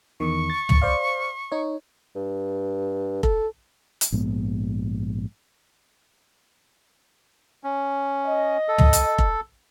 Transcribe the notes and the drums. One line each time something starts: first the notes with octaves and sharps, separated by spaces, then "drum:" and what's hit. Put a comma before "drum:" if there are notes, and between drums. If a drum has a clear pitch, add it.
E2 D#3 C#6
A6
drum: tom
C5 D5 F5
D#4 C#5
G2
A4, drum: kick F1
drum: hi-hat
A#1 G#2 G#3 B3
C#4
D#5
A4
drum: tom
drum: hi-hat
drum: kick F1